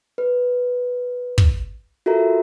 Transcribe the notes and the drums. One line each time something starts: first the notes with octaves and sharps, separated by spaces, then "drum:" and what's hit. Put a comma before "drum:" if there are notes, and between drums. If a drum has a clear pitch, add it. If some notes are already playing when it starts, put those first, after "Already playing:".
B4
drum: kick
F4 F#4 A4 A#4 E5 A#5